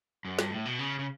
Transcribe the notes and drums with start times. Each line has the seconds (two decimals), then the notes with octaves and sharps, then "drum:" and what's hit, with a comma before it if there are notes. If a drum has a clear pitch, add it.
0.25 F#2
0.39 G2, drum: snare
0.51 A2
0.65 B2
0.79 C#3
0.99 C#3